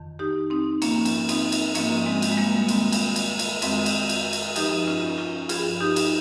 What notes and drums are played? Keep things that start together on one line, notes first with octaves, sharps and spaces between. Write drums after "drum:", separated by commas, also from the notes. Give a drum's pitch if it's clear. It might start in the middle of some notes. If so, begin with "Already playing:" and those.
Already playing: F2 D#3
D#4 G4
C4 D#4
G#2 F3 A#3 C#4, drum: cymbal
drum: cymbal
C4 D#4, drum: cymbal
drum: cymbal
G#2 F3 A#3 C#4, drum: cymbal
G#3 C4
drum: cymbal
G#3
G3 A#3
A#3
F2 D#3 G#3 C4, drum: cymbal
drum: cymbal
drum: cymbal
drum: cymbal
F2 D#3 G#3 C4, drum: cymbal
drum: cymbal
drum: cymbal
drum: cymbal
G2 F3 D#4 G4, drum: cymbal
C#4 F4
C#4 F4
G2 F3 F4 G#4, drum: cymbal
D#4 G4
drum: cymbal